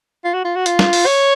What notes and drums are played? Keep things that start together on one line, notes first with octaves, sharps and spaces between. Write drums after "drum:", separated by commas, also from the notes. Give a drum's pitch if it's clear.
F4
F#4
F4
F#4
F4, drum: hi-hat
drum: snare
drum: open hi-hat
C#5